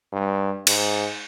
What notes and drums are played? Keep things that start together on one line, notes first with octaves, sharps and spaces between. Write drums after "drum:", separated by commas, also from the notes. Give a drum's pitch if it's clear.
G2
G#2, drum: cymbal